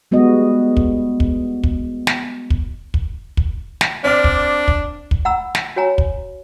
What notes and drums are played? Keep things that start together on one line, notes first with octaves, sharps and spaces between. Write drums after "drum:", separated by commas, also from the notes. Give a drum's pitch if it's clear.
G3 G#3 B3 F#4 D#5
drum: kick
drum: kick
drum: kick
drum: snare
drum: kick
drum: kick
drum: kick
drum: snare
C4 D4 D5 F6
drum: kick
drum: kick
drum: kick
F#5 A#5 B5 E6
drum: snare
F#4 C#5 G#5 A#5
drum: kick